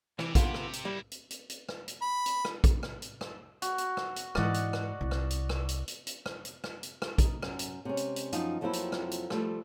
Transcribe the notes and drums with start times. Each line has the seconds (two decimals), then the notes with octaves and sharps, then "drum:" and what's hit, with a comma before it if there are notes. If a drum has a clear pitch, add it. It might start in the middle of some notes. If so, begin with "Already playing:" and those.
0.19 C3 E3 G4, drum: rim click
0.35 D3 B3 F4, drum: kick A#1, hi-hat
0.54 drum: rim click
0.73 drum: hi-hat
0.85 G3 A#3 E4
1.11 drum: hi-hat
1.30 drum: hi-hat
1.50 drum: hi-hat
1.69 drum: rim click
1.88 drum: hi-hat
2.02 B5
2.26 drum: hi-hat
2.45 drum: rim click
2.64 drum: kick A#1, hi-hat
2.83 drum: rim click
3.02 drum: hi-hat
3.21 drum: rim click
3.62 F#4, drum: hi-hat
3.78 drum: hi-hat
3.97 drum: rim click
4.16 drum: hi-hat
4.35 G#2 E3 D5 D#5 F#5, drum: rim click
4.54 drum: hi-hat
4.73 drum: rim click
5.01 C2 C3
5.11 drum: rim click
5.30 drum: hi-hat
5.49 drum: rim click
5.69 drum: hi-hat
5.88 drum: hi-hat
6.07 drum: hi-hat
6.26 drum: rim click
6.45 drum: hi-hat
6.64 drum: rim click
6.83 drum: hi-hat
7.02 drum: rim click
7.18 D#4, drum: kick A#1, hi-hat
7.43 F#2, drum: rim click
7.59 drum: hi-hat
7.85 C3 G#3 C#4
7.97 drum: hi-hat
8.16 drum: hi-hat
8.32 F#2 F3 D#4 F5, drum: hi-hat
8.61 F2 F3 F#3 A#3 C4 E4
8.73 drum: hi-hat
8.92 drum: rim click
9.11 drum: hi-hat
9.30 F3 G3 A3, drum: rim click